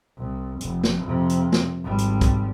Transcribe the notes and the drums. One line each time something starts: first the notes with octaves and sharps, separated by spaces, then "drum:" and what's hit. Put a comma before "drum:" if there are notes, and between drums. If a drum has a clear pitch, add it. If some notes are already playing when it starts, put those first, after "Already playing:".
C2
F1, drum: hi-hat
drum: snare
F2 C3
drum: hi-hat
drum: snare
G#1 G3
drum: hi-hat
drum: kick, hi-hat